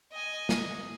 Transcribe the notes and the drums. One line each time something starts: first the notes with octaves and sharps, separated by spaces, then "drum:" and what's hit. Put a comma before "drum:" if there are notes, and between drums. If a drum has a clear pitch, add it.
D#5 G#5
drum: snare